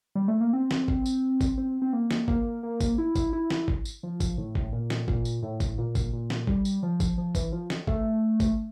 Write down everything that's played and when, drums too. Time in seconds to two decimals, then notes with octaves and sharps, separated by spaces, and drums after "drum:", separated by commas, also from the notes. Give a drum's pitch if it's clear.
0.15 G3
0.28 A3
0.41 A#3
0.53 C4
0.71 drum: snare
0.88 drum: kick G#1
1.06 drum: tambourine
1.41 drum: kick G#1, tambourine
1.58 C4
1.82 C4
1.93 A#3
2.11 drum: snare
2.28 A#3, drum: kick G#1
2.63 A#3
2.81 drum: kick G#1, tambourine
2.98 E4
3.15 drum: kick G#1, tambourine
3.33 E4
3.50 drum: snare
3.68 drum: kick G#1
3.85 drum: tambourine
4.03 F3
4.20 drum: kick G#1, tambourine
4.38 A2
4.55 drum: kick G#1
4.73 A#2
4.90 drum: snare
5.08 A#2, drum: kick G#1
5.25 drum: tambourine
5.43 A2
5.60 drum: kick G#1, tambourine
5.78 A#2
5.95 drum: kick G#1, tambourine
6.13 A#2
6.30 drum: snare
6.47 G3, drum: kick G#1
6.65 drum: tambourine
6.83 F3
7.00 drum: kick G#1, tambourine
7.18 F3
7.35 E3, drum: kick G#1, tambourine
7.52 F3
7.70 drum: snare
7.87 A3, drum: kick G#1
8.40 drum: kick G#1, tambourine